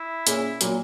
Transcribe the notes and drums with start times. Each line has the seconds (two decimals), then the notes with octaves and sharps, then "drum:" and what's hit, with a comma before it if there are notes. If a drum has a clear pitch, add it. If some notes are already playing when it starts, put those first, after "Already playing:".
Already playing: E4
0.27 A#2 A#3 C#4 G#4, drum: hi-hat
0.61 A#2 F#3 A#3, drum: hi-hat